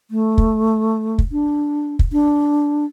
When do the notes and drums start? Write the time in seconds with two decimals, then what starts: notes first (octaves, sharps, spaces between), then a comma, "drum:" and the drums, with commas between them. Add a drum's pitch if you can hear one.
0.11 A3
0.38 drum: kick
1.18 drum: kick
1.32 D4
1.99 drum: kick
2.12 D4